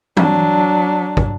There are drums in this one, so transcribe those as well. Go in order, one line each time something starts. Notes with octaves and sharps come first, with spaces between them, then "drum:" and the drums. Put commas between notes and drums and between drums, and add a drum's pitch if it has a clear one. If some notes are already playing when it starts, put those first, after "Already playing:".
F#3 D4, drum: tom E3
drum: kick